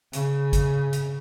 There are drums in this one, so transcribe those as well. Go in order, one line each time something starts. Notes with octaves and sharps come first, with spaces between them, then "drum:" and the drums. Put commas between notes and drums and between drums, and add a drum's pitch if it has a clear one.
C#3, drum: hi-hat
drum: kick G#1, hi-hat
drum: hi-hat